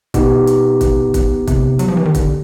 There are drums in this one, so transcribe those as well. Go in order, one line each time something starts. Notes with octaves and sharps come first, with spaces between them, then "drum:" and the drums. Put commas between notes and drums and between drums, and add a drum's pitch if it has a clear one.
B2 B3 D#4 G4, drum: kick, hi-hat
drum: hi-hat
drum: kick, hi-hat
drum: kick, hi-hat
C3, drum: kick, hi-hat
F#3, drum: hi-hat
F3
E3
D#3
D3, drum: kick, hi-hat